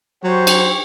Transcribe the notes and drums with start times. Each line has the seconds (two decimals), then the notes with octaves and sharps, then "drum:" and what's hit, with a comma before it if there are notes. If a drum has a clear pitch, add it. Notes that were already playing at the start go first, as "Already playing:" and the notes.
0.24 F#3 G4 C5 C#6
0.47 drum: cymbal